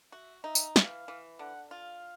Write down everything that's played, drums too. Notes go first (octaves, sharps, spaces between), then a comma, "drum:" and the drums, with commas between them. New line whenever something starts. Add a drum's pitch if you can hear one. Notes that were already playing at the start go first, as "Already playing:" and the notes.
F#4 E5
D#4 E5
drum: tambourine
E3 F5, drum: snare
E3
D3 F#5
F4 F5